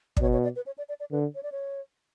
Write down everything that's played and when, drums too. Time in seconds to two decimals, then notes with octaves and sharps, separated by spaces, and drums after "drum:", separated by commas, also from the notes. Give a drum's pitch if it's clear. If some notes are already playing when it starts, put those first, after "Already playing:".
0.17 D5, drum: kick
0.21 B2 C#5
0.33 C#5
0.44 D5
0.56 B4
0.66 C#5
0.78 D5
0.89 D5
1.00 D5
1.11 D3 B4
1.35 C#5
1.43 D5
1.52 C#5